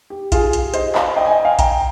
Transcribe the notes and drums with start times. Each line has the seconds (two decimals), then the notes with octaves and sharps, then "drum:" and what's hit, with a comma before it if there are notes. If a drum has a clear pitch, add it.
0.10 G4
0.32 F4 G#4, drum: kick A#1, hi-hat
0.53 G4, drum: hi-hat
0.74 C5 D#5, drum: hi-hat
0.95 D5 F5, drum: clap
1.16 D#5 G5
1.26 G#5
1.30 D#5 G5
1.45 F5 G#5
1.59 G5 A#5, drum: kick A#1, hi-hat